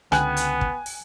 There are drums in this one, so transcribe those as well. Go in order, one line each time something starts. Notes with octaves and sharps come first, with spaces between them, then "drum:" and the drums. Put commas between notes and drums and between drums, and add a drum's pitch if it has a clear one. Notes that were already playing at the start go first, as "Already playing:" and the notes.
C#2 D3 B3 G5 G#5 F#6, drum: rim click
drum: hi-hat
drum: kick
drum: open hi-hat